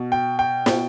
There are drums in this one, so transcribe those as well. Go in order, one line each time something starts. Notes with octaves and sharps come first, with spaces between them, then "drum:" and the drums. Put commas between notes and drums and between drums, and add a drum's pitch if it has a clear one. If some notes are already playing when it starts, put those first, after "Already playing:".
Already playing: B2
G5
G5
B2, drum: snare